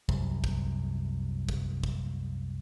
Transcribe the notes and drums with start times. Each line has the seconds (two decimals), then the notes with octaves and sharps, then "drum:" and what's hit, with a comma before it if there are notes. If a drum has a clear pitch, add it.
0.09 C2 F#2, drum: kick
0.44 drum: kick
1.49 drum: kick
1.84 drum: kick